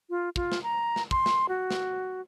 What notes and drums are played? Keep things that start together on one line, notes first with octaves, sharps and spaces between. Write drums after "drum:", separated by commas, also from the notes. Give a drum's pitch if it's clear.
F4
F4, drum: kick
drum: snare
A#5
drum: snare
C6, drum: kick
drum: snare
F#4
drum: snare